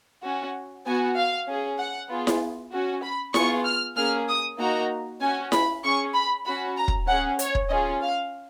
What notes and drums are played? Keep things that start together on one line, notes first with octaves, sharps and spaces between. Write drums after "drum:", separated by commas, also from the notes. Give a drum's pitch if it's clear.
C#4 F#4
B3 F#4 G#5
F5
C#4 G#4
F#5
B3 F4 G#4
drum: snare E4
C#4 F#4
B5
B3 F4 G#4 C#6, drum: snare E4
F6
A#3 C#4 G#4 F6
D#6
A#3 D#4 F#4 A#5
C#4 F#4 G#5
B5, drum: snare E4
C#4 G#4 C#6
B5
C#4 F#4 B5
A#5
drum: kick
C#4 G#4 F#5
C#5, drum: hi-hat
drum: kick
C#4 F4 G#4 D#5
F5